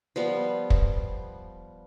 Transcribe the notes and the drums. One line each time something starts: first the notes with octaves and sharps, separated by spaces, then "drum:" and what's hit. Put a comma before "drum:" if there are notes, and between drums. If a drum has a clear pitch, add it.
F3 G3 B3
drum: kick